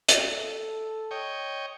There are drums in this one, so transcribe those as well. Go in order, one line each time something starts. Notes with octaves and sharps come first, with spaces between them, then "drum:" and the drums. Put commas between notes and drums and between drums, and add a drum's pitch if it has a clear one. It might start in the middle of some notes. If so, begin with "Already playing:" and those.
drum: hi-hat
A4
C#5 D#5 G5